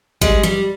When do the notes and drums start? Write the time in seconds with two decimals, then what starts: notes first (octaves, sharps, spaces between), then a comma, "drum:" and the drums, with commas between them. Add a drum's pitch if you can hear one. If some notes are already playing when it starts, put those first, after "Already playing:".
0.21 G3 G#3, drum: kick G#1
0.43 G3